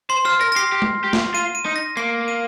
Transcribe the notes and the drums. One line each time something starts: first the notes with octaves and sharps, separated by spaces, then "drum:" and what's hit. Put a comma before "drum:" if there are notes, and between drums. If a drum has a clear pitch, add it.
C5 C6
C5 F6
A#4 A#6
A#6
G4 C7
G4
drum: tom G#3
G4
drum: snare
F4 D#7
D#7
D#4
A#6
A#3 C7
D#7